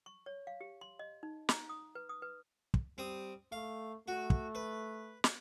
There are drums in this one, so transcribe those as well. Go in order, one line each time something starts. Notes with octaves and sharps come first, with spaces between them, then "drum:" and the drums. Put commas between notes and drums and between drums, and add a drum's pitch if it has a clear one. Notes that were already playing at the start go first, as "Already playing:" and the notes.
C#6
C#5
F5
G4
C6
D#5
D#4
A#5, drum: snare
D#6
B4
D#6
B4
drum: kick
G3 C4 D#6
A3 F5
A3 F#4
drum: kick
B4
drum: snare